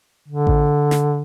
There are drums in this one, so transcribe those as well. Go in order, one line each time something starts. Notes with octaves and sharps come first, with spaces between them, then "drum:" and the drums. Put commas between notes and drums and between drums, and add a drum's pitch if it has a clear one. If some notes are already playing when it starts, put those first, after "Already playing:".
D3
drum: kick A1
drum: snare